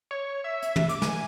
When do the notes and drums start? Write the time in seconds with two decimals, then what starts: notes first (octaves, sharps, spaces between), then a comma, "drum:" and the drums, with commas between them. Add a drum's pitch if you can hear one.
0.11 C#5
0.44 E5
0.62 drum: hi-hat
0.76 drum: tom
0.89 D6, drum: hi-hat
1.02 G#5, drum: snare